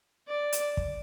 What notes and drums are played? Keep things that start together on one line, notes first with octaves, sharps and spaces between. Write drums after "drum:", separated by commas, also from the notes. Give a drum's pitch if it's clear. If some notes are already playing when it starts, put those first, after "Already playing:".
D5
drum: hi-hat
drum: kick